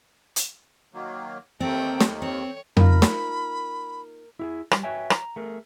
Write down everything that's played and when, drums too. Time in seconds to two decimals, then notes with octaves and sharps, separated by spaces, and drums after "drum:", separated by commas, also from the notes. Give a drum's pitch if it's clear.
0.36 drum: hi-hat
0.94 D#3 F#3 A#3
1.60 D#2 D#3 A3 C4 G5
2.00 drum: snare
2.22 C4 C#5
2.77 D#4 F4 A#4 B5, drum: tom F2
3.02 drum: snare
4.39 E4 G4 G#4
4.71 G3, drum: rim click
4.83 F#4 B4 C#5 E5 G5 G#5
5.10 A#5, drum: rim click
5.36 A3 G#4 A#4